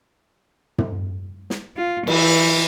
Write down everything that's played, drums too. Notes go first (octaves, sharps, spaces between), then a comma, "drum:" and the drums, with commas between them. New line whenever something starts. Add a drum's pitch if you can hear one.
drum: tom
drum: snare
F4
E3, drum: cymbal